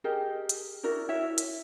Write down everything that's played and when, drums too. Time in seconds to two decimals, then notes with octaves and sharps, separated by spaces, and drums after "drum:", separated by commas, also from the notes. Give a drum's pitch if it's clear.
0.04 G4 G#4 A#4 D#5
0.49 drum: hi-hat
0.83 E4 F#4 A#4 D5
1.09 E4 C#5 E5
1.38 drum: hi-hat